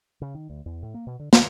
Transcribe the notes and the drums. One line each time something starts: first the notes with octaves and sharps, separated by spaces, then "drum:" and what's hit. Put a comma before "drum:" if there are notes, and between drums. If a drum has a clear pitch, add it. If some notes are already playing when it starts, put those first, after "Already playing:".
C#3
D#3
D2
E2
A2
A#3
B2
D3
D2, drum: snare